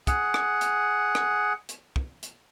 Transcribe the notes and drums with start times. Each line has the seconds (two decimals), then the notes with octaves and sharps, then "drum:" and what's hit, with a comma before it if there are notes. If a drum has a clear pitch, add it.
0.07 G#4 F#5, drum: kick, hi-hat
0.34 drum: rim click
0.61 drum: hi-hat
1.15 drum: rim click
1.69 drum: hi-hat
1.96 drum: kick
2.23 drum: hi-hat